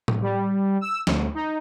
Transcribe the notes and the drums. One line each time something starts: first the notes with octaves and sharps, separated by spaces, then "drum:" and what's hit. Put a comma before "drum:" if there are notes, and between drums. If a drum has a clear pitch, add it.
drum: tom A2
G3
E6
D2, drum: snare
D#4